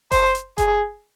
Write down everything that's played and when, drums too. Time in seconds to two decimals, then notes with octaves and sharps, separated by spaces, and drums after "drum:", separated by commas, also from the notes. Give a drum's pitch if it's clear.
0.12 C5, drum: kick F#1, open hi-hat
0.35 drum: hi-hat
0.58 G#4, drum: kick F#1, hi-hat